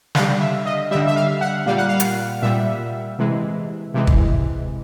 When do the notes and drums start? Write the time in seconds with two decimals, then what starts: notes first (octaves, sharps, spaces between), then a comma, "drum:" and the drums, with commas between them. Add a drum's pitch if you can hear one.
0.15 D3 G3 F5, drum: snare
0.40 E5
0.66 D#5
0.91 D3 G3 E5
1.07 E5
1.16 F5
1.41 F#5
1.66 A#2 G3 F5
1.78 F#5
1.89 F5
2.00 drum: hi-hat
2.42 A#2 G3 E5
3.19 C3 E3 G#3
3.94 C3 E3 G#3
4.07 drum: kick